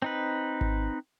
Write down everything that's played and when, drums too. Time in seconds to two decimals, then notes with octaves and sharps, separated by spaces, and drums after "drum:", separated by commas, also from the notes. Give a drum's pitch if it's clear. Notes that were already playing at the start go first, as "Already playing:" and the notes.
0.02 C4 D#4 B4
0.61 drum: kick G#1